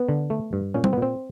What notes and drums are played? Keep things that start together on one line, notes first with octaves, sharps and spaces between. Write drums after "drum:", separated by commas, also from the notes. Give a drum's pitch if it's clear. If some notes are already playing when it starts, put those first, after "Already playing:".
Already playing: B3
D3
A3
G2
A#2 C#4
C4, drum: tom
B3
A#2
C4